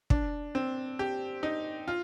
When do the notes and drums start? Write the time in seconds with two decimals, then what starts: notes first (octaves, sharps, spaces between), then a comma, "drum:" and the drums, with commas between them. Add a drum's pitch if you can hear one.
0.10 D4, drum: kick
0.55 C4
0.99 G4
1.43 D#4
1.88 F4